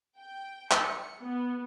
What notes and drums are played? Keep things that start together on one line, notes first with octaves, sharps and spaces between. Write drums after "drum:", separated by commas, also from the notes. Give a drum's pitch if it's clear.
G5
C#7, drum: clap
B3